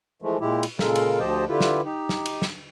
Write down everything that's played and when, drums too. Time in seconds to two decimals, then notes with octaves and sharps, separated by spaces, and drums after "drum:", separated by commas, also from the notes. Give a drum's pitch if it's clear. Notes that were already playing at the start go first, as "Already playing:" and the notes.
0.22 E3 F3 G#3 A3
0.41 A#2 G#3 E4 G4
0.63 drum: cymbal
0.79 A#2 C#3 G#3 A4 A#4 F5, drum: snare
0.95 drum: cymbal
1.19 D2 F3 G4 C5 D#5 A5
1.48 D3 E4 F4 G4 B4
1.61 drum: snare
1.85 D#4 G4
2.09 drum: snare
2.26 drum: cymbal
2.42 drum: snare